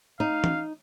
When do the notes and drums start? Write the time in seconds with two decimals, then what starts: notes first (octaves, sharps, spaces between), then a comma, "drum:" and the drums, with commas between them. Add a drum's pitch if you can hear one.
0.20 D#4 F5
0.44 drum: tom E3